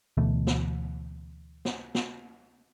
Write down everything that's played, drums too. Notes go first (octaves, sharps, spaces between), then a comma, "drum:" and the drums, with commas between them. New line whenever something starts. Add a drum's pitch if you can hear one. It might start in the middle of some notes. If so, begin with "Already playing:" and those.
D2 B2 E3 A3
drum: snare
drum: snare
drum: snare